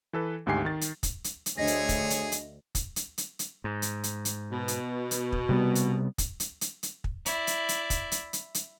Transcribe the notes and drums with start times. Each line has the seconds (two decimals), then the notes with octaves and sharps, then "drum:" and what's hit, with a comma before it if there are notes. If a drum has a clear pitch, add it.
0.13 E3 A4 B4
0.46 G#1 D2 G#2 G4 G#5 C7
0.65 D#3 A6
0.81 drum: hi-hat
1.03 drum: kick, hi-hat
1.24 drum: hi-hat
1.46 drum: hi-hat
1.57 D2 D4 G#4 C#5 D#5 A#6
1.67 drum: hi-hat
1.89 drum: kick, hi-hat
2.10 drum: hi-hat
2.32 drum: hi-hat
2.75 drum: kick, hi-hat
2.96 drum: hi-hat
3.18 drum: hi-hat
3.39 drum: hi-hat
3.64 G#2
3.82 drum: hi-hat
4.04 drum: hi-hat
4.25 drum: hi-hat
4.52 B2
4.68 drum: hi-hat
5.11 drum: hi-hat
5.32 drum: kick
5.49 C3 G3 B3
5.75 drum: hi-hat
6.18 drum: kick, hi-hat
6.40 drum: hi-hat
6.61 drum: hi-hat
6.83 drum: hi-hat
7.04 drum: kick
7.26 E4 D5, drum: hi-hat
7.47 drum: hi-hat
7.69 drum: hi-hat
7.90 drum: kick, hi-hat
8.12 drum: hi-hat
8.33 drum: hi-hat
8.54 drum: hi-hat